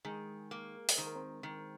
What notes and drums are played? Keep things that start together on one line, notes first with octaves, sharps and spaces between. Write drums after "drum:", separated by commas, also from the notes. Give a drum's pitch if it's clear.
D#3 G#3 G#4
A#3
drum: open hi-hat
D#3 C5
A#4
C4 C5
D#3